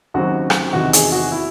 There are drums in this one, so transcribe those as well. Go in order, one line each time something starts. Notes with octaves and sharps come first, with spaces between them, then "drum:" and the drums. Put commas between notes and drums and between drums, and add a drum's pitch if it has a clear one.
D#2 C#3 F#3 C4 F#4
drum: rim click
E2 C3 D#3 F#4
G#4, drum: hi-hat
F#4
E4